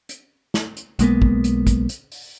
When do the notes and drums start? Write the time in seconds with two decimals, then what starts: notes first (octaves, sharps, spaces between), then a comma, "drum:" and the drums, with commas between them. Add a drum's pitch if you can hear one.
0.09 drum: hi-hat
0.54 drum: snare
0.77 drum: hi-hat
0.99 B1 G#3 A#3 B3, drum: hi-hat
1.22 drum: kick
1.44 drum: hi-hat
1.67 drum: kick, hi-hat
1.89 drum: hi-hat
2.12 drum: open hi-hat